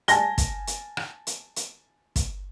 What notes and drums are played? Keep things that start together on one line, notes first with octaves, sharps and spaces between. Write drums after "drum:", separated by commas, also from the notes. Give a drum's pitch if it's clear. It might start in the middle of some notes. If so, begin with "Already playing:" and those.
G#5 A5 A#6 G7, drum: hi-hat
drum: kick, hi-hat
drum: hi-hat
drum: rim click
drum: hi-hat
drum: hi-hat
drum: kick, hi-hat